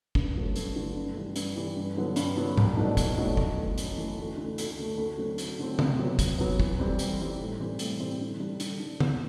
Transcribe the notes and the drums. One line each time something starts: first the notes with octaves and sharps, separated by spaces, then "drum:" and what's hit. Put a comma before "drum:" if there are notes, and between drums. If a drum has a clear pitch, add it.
G2, drum: kick G1
D3 F#3 A3
G2, drum: hi-hat
D3 F#3 A3
G2
E3 G3
G2, drum: hi-hat
E3 G3
G2
D3 F#3 B3
G2, drum: hi-hat
D3 F#3 B3
C2, drum: tom G#2
B2 F#3 A3 D4
C2, drum: kick G1, hi-hat
B2 F#3 A3 D4
F#2, drum: kick G1
E3 A3
F#2, drum: hi-hat
E3 A3
D2
D3 A3
D2, drum: hi-hat
D3 A3
D2
D3 F#3 A3 C4
D2, drum: hi-hat
D3 F#3 A3 C4
C3, drum: tom
F#3 B3
C3, drum: kick G1, hi-hat
F#3 B3
E3, drum: kick G1
G3 C4
E3, drum: hi-hat
G3 C4
A2
E3 G3 C4
A2, drum: hi-hat
E3 G3 C4
D3
G3 D4
D3, drum: hi-hat
G3 D4
E3, drum: tom